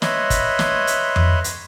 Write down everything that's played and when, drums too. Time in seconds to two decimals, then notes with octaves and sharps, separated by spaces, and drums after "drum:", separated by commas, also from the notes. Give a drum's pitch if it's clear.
0.02 B4 C#5 D#5 E5 B5 C6, drum: snare
0.30 drum: kick, hi-hat
0.59 drum: snare
0.87 drum: hi-hat
1.16 drum: tom F2
1.44 drum: hi-hat